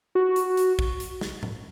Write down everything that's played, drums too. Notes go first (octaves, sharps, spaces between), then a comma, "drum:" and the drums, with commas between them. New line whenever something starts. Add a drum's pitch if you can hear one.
F#4
drum: hi-hat
drum: hi-hat
drum: kick
drum: hi-hat
drum: snare
drum: tom A2